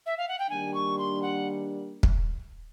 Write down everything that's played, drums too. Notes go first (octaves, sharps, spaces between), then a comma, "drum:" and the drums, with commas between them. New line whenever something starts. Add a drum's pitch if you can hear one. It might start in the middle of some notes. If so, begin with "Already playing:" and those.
E5
F5
F#5
G5
D#3 G3 A#3 D4 G#5
C#6
C6
F#5
drum: kick